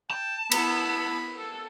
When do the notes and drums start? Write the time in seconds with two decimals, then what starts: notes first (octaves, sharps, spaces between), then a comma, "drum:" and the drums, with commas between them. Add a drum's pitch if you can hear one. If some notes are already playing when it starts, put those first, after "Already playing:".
0.11 G5 A5
0.52 B3 E4 B5, drum: cymbal
1.37 A4